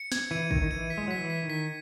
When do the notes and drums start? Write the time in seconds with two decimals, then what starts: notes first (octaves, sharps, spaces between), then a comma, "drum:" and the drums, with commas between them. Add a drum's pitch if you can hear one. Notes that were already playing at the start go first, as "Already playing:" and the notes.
Already playing: C#7
0.12 G#6, drum: snare
0.31 E3 D#7
0.51 D#3 G#6, drum: kick
0.62 D#3
0.70 E3 D#7
0.90 B6
0.98 G#3
1.08 F#3 B6
1.17 E3
1.30 B6
1.43 D#3
1.50 B6